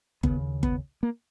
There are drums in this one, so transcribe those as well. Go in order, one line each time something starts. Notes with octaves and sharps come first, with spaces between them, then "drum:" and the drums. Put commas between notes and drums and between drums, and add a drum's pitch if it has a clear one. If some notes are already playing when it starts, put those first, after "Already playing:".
D#2 C#3 B3, drum: kick G1
B3, drum: kick G1
A#3